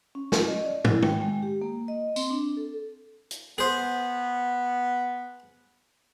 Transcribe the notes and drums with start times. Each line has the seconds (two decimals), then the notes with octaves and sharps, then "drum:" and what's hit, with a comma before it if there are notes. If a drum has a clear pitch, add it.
0.15 C#4
0.32 drum: snare
0.48 D#5
0.65 D5
0.85 E4, drum: tom
1.02 G5, drum: tom
1.22 G#3
1.43 G4
1.62 A#3
1.88 D#5
2.16 C4, drum: tambourine
2.30 D4
2.57 A4
3.31 drum: hi-hat
3.58 B3 G#4 C5